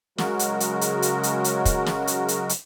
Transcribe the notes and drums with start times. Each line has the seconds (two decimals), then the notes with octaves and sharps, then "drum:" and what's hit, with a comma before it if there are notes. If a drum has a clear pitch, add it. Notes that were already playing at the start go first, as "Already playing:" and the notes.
0.18 C#3 F#3 G#3 F#4 A#4, drum: snare
0.39 drum: hi-hat
0.60 drum: hi-hat
0.81 drum: hi-hat
1.02 drum: hi-hat
1.23 drum: hi-hat
1.44 drum: hi-hat
1.65 drum: kick, hi-hat
1.86 drum: snare
2.07 drum: hi-hat
2.28 drum: hi-hat
2.49 drum: hi-hat